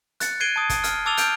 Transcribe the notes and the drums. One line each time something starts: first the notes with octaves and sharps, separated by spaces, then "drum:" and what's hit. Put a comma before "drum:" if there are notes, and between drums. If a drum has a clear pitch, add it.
F#6 A6 C#7, drum: hi-hat
F#6 G#6 C7 D7 D#7 G7
A5 D#6
drum: kick, hi-hat
F6, drum: hi-hat
A5 D6 E6 A6 F7 G7
F6 G6 D7, drum: hi-hat